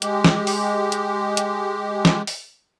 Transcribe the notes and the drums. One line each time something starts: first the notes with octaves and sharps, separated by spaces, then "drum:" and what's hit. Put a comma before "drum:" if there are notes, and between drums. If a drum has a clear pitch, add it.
G#3 G4, drum: hi-hat
drum: snare
drum: open hi-hat
drum: hi-hat
drum: hi-hat
drum: snare
drum: open hi-hat